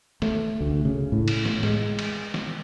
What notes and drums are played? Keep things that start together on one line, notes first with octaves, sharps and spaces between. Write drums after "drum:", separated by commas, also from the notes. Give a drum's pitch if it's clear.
A3, drum: snare
D2
C#3
A2
drum: cymbal
drum: snare
G#3, drum: snare
drum: cymbal
drum: snare